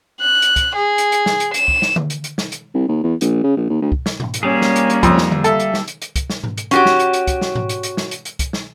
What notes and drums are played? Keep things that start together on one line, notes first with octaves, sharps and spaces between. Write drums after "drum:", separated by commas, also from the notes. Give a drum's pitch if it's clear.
F#6
drum: hi-hat
drum: kick, hi-hat
G#4
drum: hi-hat
drum: hi-hat
drum: snare
drum: hi-hat
E7, drum: hi-hat
drum: kick
drum: snare
drum: tom D3
drum: hi-hat
drum: hi-hat
drum: snare
drum: hi-hat
C2
D#2
E2
A#1, drum: hi-hat
C#3
A#1
D#2
D2
drum: kick
drum: snare
drum: tom G#2
drum: hi-hat
G3 A#3 C#4 G#4 C#5
drum: snare
drum: hi-hat
drum: hi-hat
F2, drum: kick, hi-hat
drum: snare
drum: tom D3
A4 E5 F5, drum: hi-hat
drum: hi-hat
drum: snare
drum: hi-hat
drum: hi-hat
drum: kick, hi-hat
drum: snare
drum: tom G#2
drum: hi-hat
C#4 F#4 G4, drum: hi-hat
drum: snare
drum: hi-hat
drum: hi-hat
drum: kick, hi-hat
drum: snare
drum: tom G#2
drum: hi-hat
drum: hi-hat
drum: snare
drum: hi-hat
drum: hi-hat
drum: kick, hi-hat
drum: snare